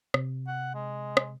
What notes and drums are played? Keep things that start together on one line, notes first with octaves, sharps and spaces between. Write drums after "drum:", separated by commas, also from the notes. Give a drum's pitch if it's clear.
C3, drum: rim click
F#5
G#3
drum: rim click